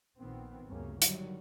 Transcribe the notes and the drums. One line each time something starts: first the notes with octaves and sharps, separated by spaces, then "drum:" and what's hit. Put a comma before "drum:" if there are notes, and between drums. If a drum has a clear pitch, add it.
A#1 A#2 D#3 B3 C4
G1 D2 C#3 A#3 C#4
D3 D#3 F#3 G3, drum: hi-hat